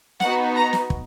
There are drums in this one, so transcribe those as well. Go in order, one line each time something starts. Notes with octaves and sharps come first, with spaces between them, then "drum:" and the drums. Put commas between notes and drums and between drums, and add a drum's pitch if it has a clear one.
B3 D#4 F#4 F#5, drum: snare
A#5
drum: snare
drum: kick